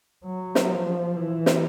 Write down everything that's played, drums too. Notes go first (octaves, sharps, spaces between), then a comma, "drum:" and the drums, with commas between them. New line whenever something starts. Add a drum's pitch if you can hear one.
F#3
drum: snare
F3
E3
drum: snare